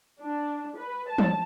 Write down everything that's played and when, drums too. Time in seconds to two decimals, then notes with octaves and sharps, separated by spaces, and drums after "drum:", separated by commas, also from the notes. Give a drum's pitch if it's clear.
0.22 D4
0.77 B4
1.09 A5
1.18 drum: tom E3